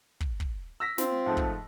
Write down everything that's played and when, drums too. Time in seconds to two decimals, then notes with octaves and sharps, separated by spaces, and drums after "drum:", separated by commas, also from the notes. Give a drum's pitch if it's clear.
0.20 drum: kick
0.40 drum: kick
0.80 E6 A#6 B6
0.98 C4 F4, drum: snare
1.26 G#2 F3 A3
1.37 drum: kick